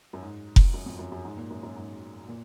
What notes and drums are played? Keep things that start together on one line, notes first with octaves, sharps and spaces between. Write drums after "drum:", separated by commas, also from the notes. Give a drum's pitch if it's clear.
F#2
G#2
drum: kick F1
F#2
F2
F#2
F#2
G#2
A#2
F#2
F#2
G#2
A#2